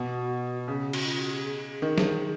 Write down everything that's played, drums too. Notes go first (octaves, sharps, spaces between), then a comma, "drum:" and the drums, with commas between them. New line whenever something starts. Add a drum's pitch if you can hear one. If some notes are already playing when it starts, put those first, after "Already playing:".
Already playing: B2 F#4
C#3 G#4
G#4
F#4, drum: cymbal
F4
F#4
G4
G#4
G#4
D#3
drum: snare